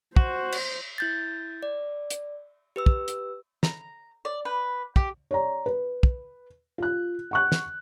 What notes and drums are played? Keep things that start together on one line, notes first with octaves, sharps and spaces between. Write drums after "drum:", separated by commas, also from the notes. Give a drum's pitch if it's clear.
F#4 C5, drum: kick
drum: cymbal
E4 G6 A6
D5
drum: hi-hat
G4 B4 E6
drum: kick
drum: hi-hat
A#5, drum: snare
D5
B4
G4, drum: kick
C#5 D5 A#5
B4
drum: kick
F4 F#6
F#5 C#6 F#6
drum: snare